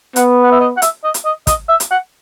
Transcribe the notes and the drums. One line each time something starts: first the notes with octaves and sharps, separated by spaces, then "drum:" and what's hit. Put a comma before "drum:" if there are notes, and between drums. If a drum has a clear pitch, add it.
B3 F#5, drum: hi-hat
F#5
E5
D#5
F#5
E5, drum: hi-hat
D#5
drum: hi-hat
D#5
D#5, drum: kick, hi-hat
E5
drum: hi-hat
F#5